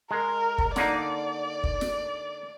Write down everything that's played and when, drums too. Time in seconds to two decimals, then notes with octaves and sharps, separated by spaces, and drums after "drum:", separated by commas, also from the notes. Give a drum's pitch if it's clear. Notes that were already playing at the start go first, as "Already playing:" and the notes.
0.11 G#3 A#4
0.58 drum: kick
0.76 D3 A#3 D#4 D5, drum: snare
1.64 drum: kick
1.81 drum: snare